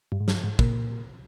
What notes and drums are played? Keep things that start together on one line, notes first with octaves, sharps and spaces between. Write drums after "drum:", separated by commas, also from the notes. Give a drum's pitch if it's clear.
G2
G#2
G2, drum: snare
G#2
A#2, drum: kick